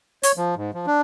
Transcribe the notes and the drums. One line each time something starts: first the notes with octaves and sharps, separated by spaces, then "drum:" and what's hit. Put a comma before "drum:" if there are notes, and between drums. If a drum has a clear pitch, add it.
C#5, drum: hi-hat
F3
G#2
F3
D4